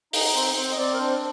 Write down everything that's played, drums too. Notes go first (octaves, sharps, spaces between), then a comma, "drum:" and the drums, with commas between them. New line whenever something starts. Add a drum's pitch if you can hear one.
D#4 D#5, drum: open hi-hat
C4 C5
C4 C5
D#5
C4 D5
A#4
D4 C5